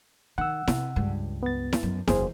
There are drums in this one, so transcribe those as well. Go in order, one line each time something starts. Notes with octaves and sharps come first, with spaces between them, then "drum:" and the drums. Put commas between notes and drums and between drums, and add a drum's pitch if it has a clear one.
D#3 F#5 E6
C3, drum: snare E4
C#2 G2
B3 A6
drum: snare E4
F#2
F#1 E2 G#4 C5, drum: snare E4